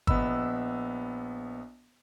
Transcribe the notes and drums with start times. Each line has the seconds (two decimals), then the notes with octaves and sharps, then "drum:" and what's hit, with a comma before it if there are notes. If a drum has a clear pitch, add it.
0.07 A#1 B3 D#5 B5 E6, drum: kick G1